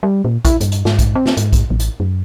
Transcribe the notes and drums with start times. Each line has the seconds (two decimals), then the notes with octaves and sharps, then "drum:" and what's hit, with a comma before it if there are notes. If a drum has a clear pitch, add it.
0.03 G3
0.25 A#2
0.45 E4, drum: kick A#1, hi-hat
0.61 G2, drum: hi-hat
0.72 drum: hi-hat
0.85 G#2, drum: snare
0.99 drum: kick A#1, hi-hat
1.15 C4
1.26 drum: snare
1.37 G#2, drum: hi-hat
1.53 drum: kick A#1, hi-hat
1.70 A1
1.80 drum: hi-hat
2.00 F#2